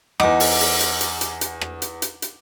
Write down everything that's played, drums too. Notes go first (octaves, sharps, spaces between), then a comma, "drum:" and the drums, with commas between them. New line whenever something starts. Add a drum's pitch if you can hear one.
E2 D#4 F#5 G#5 D6, drum: rim click
drum: open hi-hat
drum: open hi-hat
drum: hi-hat
drum: hi-hat
drum: hi-hat
drum: hi-hat
drum: rim click
drum: hi-hat
drum: hi-hat
drum: hi-hat